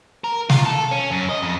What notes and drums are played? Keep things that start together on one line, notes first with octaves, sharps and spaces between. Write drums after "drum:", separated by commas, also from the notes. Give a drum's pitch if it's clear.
A#4
F4, drum: snare
A4
C#4
F#2
D#5
F2